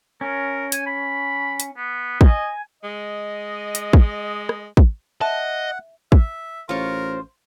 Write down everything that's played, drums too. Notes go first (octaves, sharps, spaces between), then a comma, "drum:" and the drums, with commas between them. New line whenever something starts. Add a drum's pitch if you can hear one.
C#4 A#4
G#5, drum: hi-hat
B5
drum: hi-hat
B3
D#5 G#5, drum: kick
G#3 D#5
drum: hi-hat
drum: kick
drum: rim click
drum: kick
D#5 E5 F#5 A5
E5, drum: kick
A1 F4 A#4 C5 C#5